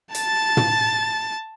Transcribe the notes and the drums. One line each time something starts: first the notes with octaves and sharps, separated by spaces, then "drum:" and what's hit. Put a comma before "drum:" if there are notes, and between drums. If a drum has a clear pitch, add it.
A5 A6, drum: hi-hat
drum: tom